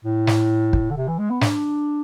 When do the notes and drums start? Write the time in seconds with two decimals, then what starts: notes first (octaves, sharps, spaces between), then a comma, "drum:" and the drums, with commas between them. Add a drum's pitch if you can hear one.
0.04 A2
0.27 drum: snare
0.73 drum: kick
0.91 D3
0.96 C3
1.08 E3
1.19 G#3
1.30 B3
1.41 D4, drum: snare